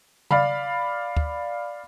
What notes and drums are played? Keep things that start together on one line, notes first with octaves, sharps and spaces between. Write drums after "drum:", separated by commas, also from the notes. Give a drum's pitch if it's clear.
D5 F5 B5, drum: tom C#3
drum: kick D2